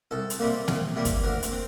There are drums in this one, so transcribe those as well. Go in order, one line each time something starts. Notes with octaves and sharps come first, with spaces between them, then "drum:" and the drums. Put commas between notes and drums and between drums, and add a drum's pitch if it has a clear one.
C2 A4
drum: hi-hat
C3 G3 A#3
C2, drum: snare
C3 G3 A#3
drum: kick, hi-hat
D2 A#4
drum: hi-hat
C4